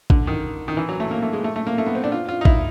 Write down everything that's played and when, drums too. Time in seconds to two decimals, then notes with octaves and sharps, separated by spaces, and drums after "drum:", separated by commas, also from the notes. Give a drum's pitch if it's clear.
0.10 D3, drum: kick A1
0.27 D#3
0.68 D#3
0.77 E3
0.89 F#3
1.00 A3
1.11 A#3
1.22 A3
1.33 G#3
1.44 A3
1.56 A3
1.67 A#3
1.78 A3
1.86 B3
1.95 C4
2.04 D4
2.12 F4
2.29 F4
2.41 D#4
2.45 E4, drum: kick A1